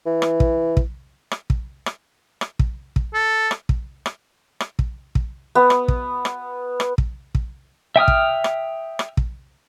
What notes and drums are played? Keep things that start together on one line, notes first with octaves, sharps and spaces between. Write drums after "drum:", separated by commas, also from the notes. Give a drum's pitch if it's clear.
E3
drum: rim click
drum: kick
drum: kick
drum: rim click
drum: kick
drum: rim click
drum: rim click
drum: kick
drum: kick
A4
drum: rim click
drum: kick
drum: rim click
drum: rim click
drum: kick
drum: kick
B3
drum: rim click
drum: kick
drum: rim click
drum: rim click
drum: kick
drum: kick
E5 G5 D#6 F6
drum: kick
drum: rim click
drum: rim click
drum: kick